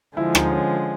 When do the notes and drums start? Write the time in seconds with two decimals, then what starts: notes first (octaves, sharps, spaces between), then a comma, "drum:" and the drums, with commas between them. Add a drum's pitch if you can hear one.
0.17 D3 F3 G#3 E4
0.35 D#4, drum: rim click
0.51 C#4